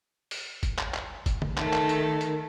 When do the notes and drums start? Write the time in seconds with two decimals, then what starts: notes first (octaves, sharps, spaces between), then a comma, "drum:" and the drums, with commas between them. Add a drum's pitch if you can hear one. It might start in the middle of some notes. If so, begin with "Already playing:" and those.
0.31 drum: open hi-hat
0.63 drum: kick F#1, hi-hat
0.79 drum: clap
0.94 drum: clap
1.26 drum: kick F#1, hi-hat
1.42 drum: tom C#3
1.58 D#3 A3 A4, drum: clap
1.73 drum: clap
1.89 drum: hi-hat
2.21 drum: hi-hat